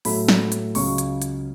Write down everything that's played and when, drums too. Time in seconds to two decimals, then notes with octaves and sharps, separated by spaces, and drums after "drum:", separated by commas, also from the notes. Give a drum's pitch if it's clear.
0.05 A2 F#3 A3 B5, drum: open hi-hat
0.28 drum: snare
0.52 drum: hi-hat
0.75 C#2 C#3 F#3 C#6, drum: open hi-hat
0.98 drum: hi-hat
1.22 drum: hi-hat